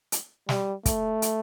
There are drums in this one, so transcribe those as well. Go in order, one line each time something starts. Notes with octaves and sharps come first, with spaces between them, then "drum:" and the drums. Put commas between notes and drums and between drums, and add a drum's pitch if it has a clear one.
drum: hi-hat
G3, drum: snare
A3, drum: kick, hi-hat
drum: hi-hat